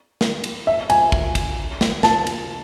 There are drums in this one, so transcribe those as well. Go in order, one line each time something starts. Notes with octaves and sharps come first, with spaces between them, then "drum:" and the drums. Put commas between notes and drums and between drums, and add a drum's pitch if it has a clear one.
drum: snare
drum: cymbal
E5
G#5, drum: cymbal
drum: kick
drum: kick, cymbal
drum: snare
A5, drum: snare
drum: cymbal